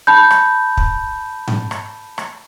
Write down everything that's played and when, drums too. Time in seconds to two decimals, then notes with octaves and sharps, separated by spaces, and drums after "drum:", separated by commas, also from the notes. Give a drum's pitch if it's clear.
0.07 A5 B5 G6
0.31 drum: rim click
0.77 drum: kick
1.48 drum: tom G#2
1.71 drum: rim click
2.18 drum: rim click